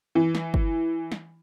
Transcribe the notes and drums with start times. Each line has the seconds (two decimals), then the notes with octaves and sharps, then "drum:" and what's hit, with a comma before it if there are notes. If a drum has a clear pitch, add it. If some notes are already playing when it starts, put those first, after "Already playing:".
0.15 E3
0.35 drum: snare
0.54 drum: kick G1
1.12 drum: snare